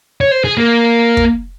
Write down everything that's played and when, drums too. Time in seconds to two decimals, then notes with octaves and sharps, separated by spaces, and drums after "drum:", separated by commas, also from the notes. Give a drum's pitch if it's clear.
0.21 C#5
0.32 C5
0.45 G#4
0.58 A#3
1.17 drum: kick